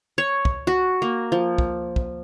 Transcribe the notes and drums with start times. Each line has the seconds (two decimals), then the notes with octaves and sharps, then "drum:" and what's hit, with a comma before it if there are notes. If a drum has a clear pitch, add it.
0.18 C#5
0.45 drum: kick
0.67 F#4
1.02 A#3
1.32 F3
1.58 drum: kick
1.96 drum: kick